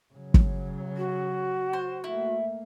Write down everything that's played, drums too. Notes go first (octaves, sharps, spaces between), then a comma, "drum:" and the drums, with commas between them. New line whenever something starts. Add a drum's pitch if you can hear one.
C#3 F#3
drum: kick
F#4
C5
A3 A#3 E4